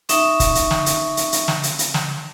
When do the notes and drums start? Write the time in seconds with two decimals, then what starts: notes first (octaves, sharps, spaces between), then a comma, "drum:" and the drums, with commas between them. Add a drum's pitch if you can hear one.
0.09 D#4 E5 C#6, drum: hi-hat
0.40 drum: kick, hi-hat
0.55 drum: hi-hat
0.71 drum: snare
0.86 drum: hi-hat
1.17 drum: hi-hat
1.32 drum: hi-hat
1.48 drum: snare
1.63 drum: hi-hat
1.79 drum: hi-hat
1.94 drum: snare